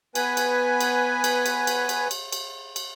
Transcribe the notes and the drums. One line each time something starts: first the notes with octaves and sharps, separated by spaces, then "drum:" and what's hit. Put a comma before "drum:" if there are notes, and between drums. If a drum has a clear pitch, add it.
B3 B4 G#5, drum: cymbal
drum: cymbal
drum: cymbal
drum: cymbal
drum: cymbal
drum: cymbal
drum: cymbal
drum: cymbal
drum: cymbal
drum: cymbal